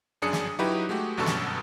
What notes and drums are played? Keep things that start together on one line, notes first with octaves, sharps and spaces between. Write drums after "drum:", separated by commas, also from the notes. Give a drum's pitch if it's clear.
G1 F#2 D4 G#4 D#6 C#7
drum: snare
F#3 D#4 E4 F#4 G4 B4
G#3 A3 F#4 G4
G1 F#2 B2 D3 A4 C#6
drum: snare